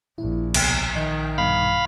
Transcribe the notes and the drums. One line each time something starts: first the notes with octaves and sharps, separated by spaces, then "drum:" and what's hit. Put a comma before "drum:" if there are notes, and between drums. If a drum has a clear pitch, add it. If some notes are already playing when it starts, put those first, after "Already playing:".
A#1 E4
C#2 B2, drum: cymbal
A#1 D#3 D#5 G6
A#1 G2 B2 F5 B5